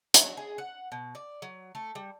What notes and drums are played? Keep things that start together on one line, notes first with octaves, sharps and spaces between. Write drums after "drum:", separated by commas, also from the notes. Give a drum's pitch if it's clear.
F#3, drum: hi-hat
G#4
F#5
B2
D5
F#3
A3
G3